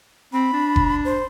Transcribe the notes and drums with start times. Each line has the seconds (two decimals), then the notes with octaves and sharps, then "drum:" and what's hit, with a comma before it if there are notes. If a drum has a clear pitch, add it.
0.33 C4 B5
0.53 D4
0.76 drum: kick F#1
1.05 C5